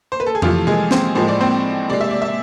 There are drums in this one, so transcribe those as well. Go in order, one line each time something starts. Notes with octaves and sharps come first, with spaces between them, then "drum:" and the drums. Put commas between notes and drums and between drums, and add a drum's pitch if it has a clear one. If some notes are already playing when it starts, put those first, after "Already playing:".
C5
B4
A4
G#4
C3 E3 F3 A3 F4, drum: tom F2
G#3 G#4, drum: tom C3
C4 C5, drum: snare
A2 F3 G#3 C5
D5
C4 C5
C3 G#3 D5
E5
D5
E5